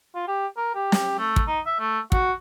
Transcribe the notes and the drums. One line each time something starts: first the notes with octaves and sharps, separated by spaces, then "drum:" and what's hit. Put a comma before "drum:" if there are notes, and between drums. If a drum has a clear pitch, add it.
F4
G4
A#4
G4
drum: snare
A3
drum: kick
D#4
E5
A3
F#4, drum: kick